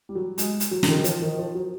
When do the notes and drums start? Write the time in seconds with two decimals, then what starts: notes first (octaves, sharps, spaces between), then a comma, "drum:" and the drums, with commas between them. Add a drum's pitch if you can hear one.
0.09 G3
0.15 F#3
0.38 G#3, drum: hi-hat
0.60 drum: hi-hat
0.71 F#3
0.83 D3, drum: snare
0.88 D#3
1.04 F3, drum: hi-hat
1.22 D#3
1.39 F3
1.55 F#3